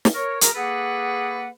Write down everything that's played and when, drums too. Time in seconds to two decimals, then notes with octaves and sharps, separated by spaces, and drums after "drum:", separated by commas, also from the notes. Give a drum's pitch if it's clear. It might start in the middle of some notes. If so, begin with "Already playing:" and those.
0.05 drum: snare
0.15 A#4 C#5
0.41 F#4 G#4 A#4, drum: hi-hat
0.55 A#3 G#4 A4 B4 F#5